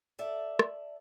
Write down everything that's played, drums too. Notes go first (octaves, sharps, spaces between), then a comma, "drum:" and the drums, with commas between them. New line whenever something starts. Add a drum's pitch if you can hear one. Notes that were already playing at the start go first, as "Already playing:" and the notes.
A4 D5 E5
drum: rim click